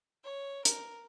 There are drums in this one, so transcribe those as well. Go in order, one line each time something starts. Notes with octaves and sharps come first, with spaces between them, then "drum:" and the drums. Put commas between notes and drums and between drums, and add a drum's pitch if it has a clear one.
C#5
A#4, drum: hi-hat